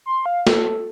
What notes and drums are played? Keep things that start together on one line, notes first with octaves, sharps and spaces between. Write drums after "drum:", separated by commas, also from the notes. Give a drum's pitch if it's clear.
C6
F5
A4, drum: snare